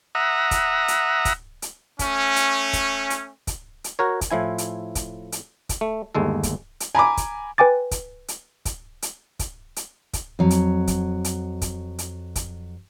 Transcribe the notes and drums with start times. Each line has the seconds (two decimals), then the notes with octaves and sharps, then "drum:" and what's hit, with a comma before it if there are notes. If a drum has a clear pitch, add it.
0.15 E5 F#5 A#5 D#6
0.51 drum: kick, hi-hat
0.88 drum: hi-hat
1.25 drum: kick, hi-hat
1.62 drum: hi-hat
1.99 A3 C#4, drum: kick, hi-hat
2.36 drum: hi-hat
2.73 drum: kick, hi-hat
3.10 drum: hi-hat
3.47 drum: kick, hi-hat
3.84 drum: hi-hat
3.99 F#4 A#4 C#5
4.21 drum: kick, hi-hat
4.31 A2 F3 E4 G#5
4.58 drum: hi-hat
4.95 drum: kick, hi-hat
5.32 drum: hi-hat
5.69 drum: kick, hi-hat
5.81 A3
6.15 G1 D#2 G#3 A4
6.43 drum: kick, hi-hat
6.80 drum: hi-hat
6.95 G#5 A#5 B5 D6
7.17 drum: kick, hi-hat
7.58 B4 G5 G#5 D6 A6
7.91 drum: kick, hi-hat
8.28 drum: hi-hat
8.65 drum: kick, hi-hat
9.02 drum: hi-hat
9.39 drum: kick, hi-hat
9.76 drum: hi-hat
10.13 drum: kick, hi-hat
10.39 F2 F#3
10.50 drum: hi-hat
10.87 drum: kick, hi-hat
11.24 drum: hi-hat
11.61 drum: kick, hi-hat
11.99 drum: hi-hat
12.36 drum: kick, hi-hat